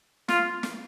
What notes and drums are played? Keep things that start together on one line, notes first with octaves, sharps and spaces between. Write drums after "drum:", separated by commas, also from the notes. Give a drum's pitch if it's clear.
F4, drum: snare
drum: snare